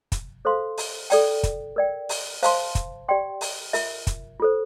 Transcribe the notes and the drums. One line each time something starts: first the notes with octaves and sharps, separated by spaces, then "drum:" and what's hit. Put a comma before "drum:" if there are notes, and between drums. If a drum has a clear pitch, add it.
drum: kick, hi-hat
A4 C5 F5 C6
drum: open hi-hat
A4 D5 G5, drum: open hi-hat
drum: kick, hi-hat
A#4 D5 G5
drum: open hi-hat
C5 F5 A5 C6, drum: open hi-hat
drum: kick, hi-hat
G4 D5 G5 C6
drum: open hi-hat
F4 A#4 E5, drum: open hi-hat
drum: kick, hi-hat
F4 A4 C5